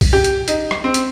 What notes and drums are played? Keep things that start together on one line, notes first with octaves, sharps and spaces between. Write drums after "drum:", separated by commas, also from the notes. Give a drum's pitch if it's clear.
drum: kick B1, open hi-hat
G4
drum: hi-hat
D#4, drum: hi-hat
drum: rim click
C4
drum: hi-hat